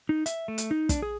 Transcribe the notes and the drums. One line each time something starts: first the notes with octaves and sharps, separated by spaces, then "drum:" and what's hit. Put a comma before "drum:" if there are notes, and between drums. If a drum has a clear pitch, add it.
D#4
E5, drum: hi-hat
A3
drum: hi-hat
D#4
D4, drum: kick, hi-hat
G#4